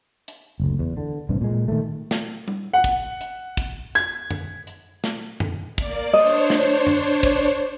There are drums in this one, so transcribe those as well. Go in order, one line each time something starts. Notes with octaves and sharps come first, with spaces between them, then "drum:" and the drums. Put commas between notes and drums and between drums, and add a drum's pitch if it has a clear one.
drum: hi-hat
F#1 D2
E2
D3
A1 G2 C3
A#2 G#3
D#3 F3 A3
drum: snare
drum: tom G3
F#5
drum: kick, hi-hat
drum: hi-hat
drum: kick, hi-hat
G#6, drum: hi-hat
drum: tom
drum: hi-hat
drum: snare
drum: tom
A#3 D5, drum: kick, hi-hat
D4 C5 C#5 D#5
drum: snare
drum: tom
drum: kick, hi-hat